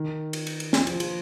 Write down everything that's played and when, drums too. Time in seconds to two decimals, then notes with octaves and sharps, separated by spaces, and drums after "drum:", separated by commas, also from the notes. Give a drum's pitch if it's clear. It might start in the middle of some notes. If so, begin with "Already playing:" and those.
Already playing: D#3
0.33 drum: cymbal
0.47 drum: cymbal
0.60 drum: cymbal
0.73 F3, drum: snare
0.87 F3, drum: cymbal
1.00 F3, drum: cymbal